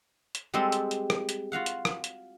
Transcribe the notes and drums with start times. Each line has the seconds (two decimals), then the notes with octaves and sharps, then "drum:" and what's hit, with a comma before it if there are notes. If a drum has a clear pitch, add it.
0.35 drum: hi-hat
0.54 G3 G#3 C4 G4 A4 D#5
0.72 drum: hi-hat
0.91 drum: hi-hat
1.10 drum: rim click
1.29 drum: hi-hat
1.52 F4 F#4 F5 F#5
1.66 drum: hi-hat
1.85 drum: rim click
2.04 drum: hi-hat